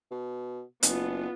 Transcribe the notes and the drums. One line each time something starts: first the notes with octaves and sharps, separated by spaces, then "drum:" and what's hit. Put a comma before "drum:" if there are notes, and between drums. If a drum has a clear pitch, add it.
B2
F#1 B3 F4, drum: hi-hat